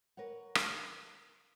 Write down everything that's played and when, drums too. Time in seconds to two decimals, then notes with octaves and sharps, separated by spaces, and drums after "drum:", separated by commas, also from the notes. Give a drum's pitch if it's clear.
0.17 A#4 B4 C#5 F#5
0.55 drum: rim click